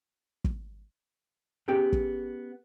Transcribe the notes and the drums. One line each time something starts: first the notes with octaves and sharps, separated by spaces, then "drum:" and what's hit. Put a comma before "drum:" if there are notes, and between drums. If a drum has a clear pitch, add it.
drum: kick
B3 C#4 G4 G#4 G5
drum: kick